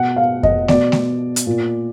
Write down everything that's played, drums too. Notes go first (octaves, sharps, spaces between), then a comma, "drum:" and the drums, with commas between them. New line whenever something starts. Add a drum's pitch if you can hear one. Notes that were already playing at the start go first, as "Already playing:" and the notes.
Already playing: B2 F#5
F5
D#5, drum: kick F2
B2 D5, drum: snare A3
drum: snare A3
drum: hi-hat
A#2